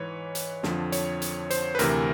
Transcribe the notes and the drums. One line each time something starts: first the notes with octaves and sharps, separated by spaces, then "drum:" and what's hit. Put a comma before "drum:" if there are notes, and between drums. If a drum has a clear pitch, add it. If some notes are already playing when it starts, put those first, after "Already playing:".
Already playing: G#2 E3 B4 C#5
drum: hi-hat
F2 D3 F3, drum: snare
C#5, drum: hi-hat
drum: hi-hat
C5, drum: hi-hat
B4
D2 C3 E3 A#4, drum: hi-hat